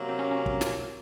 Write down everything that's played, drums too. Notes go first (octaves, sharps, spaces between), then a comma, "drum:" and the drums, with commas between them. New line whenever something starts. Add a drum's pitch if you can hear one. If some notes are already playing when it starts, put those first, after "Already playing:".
Already playing: C3 F#3 A#3
C4
C#4
C#4
drum: kick
drum: snare